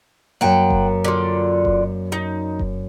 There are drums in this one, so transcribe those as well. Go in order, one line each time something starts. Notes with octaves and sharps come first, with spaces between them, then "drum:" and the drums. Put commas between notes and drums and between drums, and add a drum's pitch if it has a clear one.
F#2 A#3 F#5 G5
drum: kick F1
D3 F4 D5
drum: kick F1
D#4
drum: kick F1